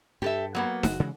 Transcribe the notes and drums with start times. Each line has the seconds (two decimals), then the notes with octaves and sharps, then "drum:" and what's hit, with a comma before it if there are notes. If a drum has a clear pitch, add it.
0.22 G2 G4 A4 E5
0.55 F#3 A#3 B3
0.83 F#1 F#4, drum: snare D#4
1.00 C#3 E3 G#3